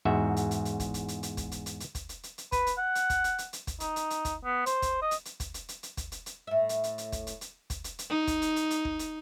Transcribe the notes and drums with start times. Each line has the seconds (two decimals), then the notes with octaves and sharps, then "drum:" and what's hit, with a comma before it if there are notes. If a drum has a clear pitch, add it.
0.05 E2 G#2 F#4 E5
0.36 drum: hi-hat
0.51 drum: hi-hat
0.65 drum: hi-hat
0.80 drum: kick, hi-hat
0.94 drum: hi-hat
1.08 drum: hi-hat
1.23 drum: hi-hat
1.37 drum: kick, hi-hat
1.52 drum: hi-hat
1.66 drum: hi-hat
1.80 drum: hi-hat
1.95 drum: kick, hi-hat
2.09 drum: hi-hat
2.23 drum: hi-hat
2.38 drum: hi-hat
2.52 B4, drum: kick, hi-hat
2.67 drum: hi-hat
2.78 F#5
2.95 drum: hi-hat
3.10 drum: kick, hi-hat
3.24 drum: hi-hat
3.38 drum: hi-hat
3.53 drum: hi-hat
3.67 drum: kick, hi-hat
3.80 D#4, drum: hi-hat
3.96 drum: hi-hat
4.10 drum: hi-hat
4.25 drum: kick, hi-hat
4.45 B3
4.66 C5, drum: hi-hat
4.82 drum: kick, hi-hat
5.02 D#5
5.11 drum: hi-hat
5.25 drum: hi-hat
5.40 drum: kick, hi-hat
5.54 drum: hi-hat
5.69 drum: hi-hat
5.83 drum: hi-hat
5.97 drum: kick, hi-hat
6.12 drum: hi-hat
6.26 drum: hi-hat
6.47 A2 E5
6.69 drum: hi-hat
6.84 drum: hi-hat
6.98 drum: hi-hat
7.12 drum: kick, hi-hat
7.27 drum: hi-hat
7.41 drum: hi-hat
7.70 drum: kick, hi-hat
7.84 drum: hi-hat
7.99 drum: hi-hat
8.10 D#4
8.27 drum: kick, hi-hat
8.42 drum: hi-hat
8.56 drum: hi-hat
8.70 drum: hi-hat
8.85 drum: kick
8.99 drum: hi-hat